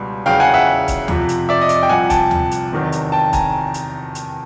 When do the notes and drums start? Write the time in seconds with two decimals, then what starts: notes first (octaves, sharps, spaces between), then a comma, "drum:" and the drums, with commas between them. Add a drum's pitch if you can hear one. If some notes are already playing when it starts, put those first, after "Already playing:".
Already playing: C#2 B2 G3
0.26 E2 C#3 F#3 F5 G5
0.40 F#5 G#5
0.54 E5 F#5
0.88 drum: kick C#1, hi-hat
1.08 F2 C3 F3, drum: tom D2
1.29 drum: hi-hat
1.49 D5 E5
1.61 D#5
1.69 D5, drum: hi-hat
1.83 G5
1.89 C2 C3 F3 F#5 G#5
2.10 G5 A5, drum: kick C#1, hi-hat
2.31 drum: tom D2
2.51 drum: hi-hat
2.72 E2 C3 D#3 F#3
2.92 drum: hi-hat
3.12 G5 A5
3.33 G#5 A#5, drum: kick C#1, hi-hat
3.74 drum: hi-hat
4.15 drum: hi-hat